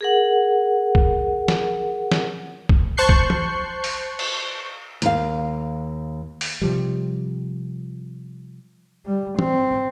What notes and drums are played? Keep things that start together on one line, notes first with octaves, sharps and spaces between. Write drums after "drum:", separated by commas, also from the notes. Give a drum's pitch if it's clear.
G#4 A#4 F#5
drum: kick
drum: snare
drum: snare
drum: kick
C5 A5 C#6 F#6 G6 C7
drum: kick
drum: tom
drum: open hi-hat
drum: cymbal
D#2 F5, drum: hi-hat
drum: open hi-hat
C3 F3 G3
G3
C4, drum: tom